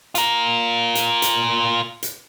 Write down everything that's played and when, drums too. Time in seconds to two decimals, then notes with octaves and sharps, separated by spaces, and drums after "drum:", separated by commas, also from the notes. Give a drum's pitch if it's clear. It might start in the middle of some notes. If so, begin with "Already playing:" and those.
0.15 F4 A#4, drum: hi-hat
0.95 drum: hi-hat
1.22 drum: hi-hat
2.03 drum: hi-hat